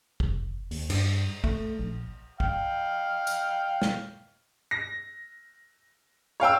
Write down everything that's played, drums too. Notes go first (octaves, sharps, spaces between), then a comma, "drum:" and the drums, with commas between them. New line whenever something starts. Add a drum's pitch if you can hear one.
F1, drum: kick
D#2, drum: open hi-hat
G2, drum: cymbal
A3, drum: kick
A#1
F5 G5, drum: kick
drum: tambourine
drum: snare
A#6
C#5 F5 G5 E6